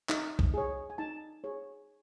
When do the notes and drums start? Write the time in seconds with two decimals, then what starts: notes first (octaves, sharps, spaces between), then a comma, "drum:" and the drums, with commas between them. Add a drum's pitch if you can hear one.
0.09 D#4 E5, drum: clap
0.39 drum: kick B1
0.54 G#4 C#5
0.90 G#5
0.98 D#4 A5
1.44 G#4 C#5